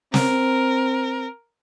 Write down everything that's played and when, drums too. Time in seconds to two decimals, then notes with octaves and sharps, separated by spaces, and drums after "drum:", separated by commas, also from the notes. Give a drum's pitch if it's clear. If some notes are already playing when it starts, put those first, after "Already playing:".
0.14 C4 A#4, drum: snare